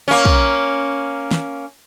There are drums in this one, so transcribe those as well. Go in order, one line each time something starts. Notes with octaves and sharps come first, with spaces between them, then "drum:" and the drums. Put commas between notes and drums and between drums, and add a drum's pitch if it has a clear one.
A#3 C#4
drum: kick
drum: snare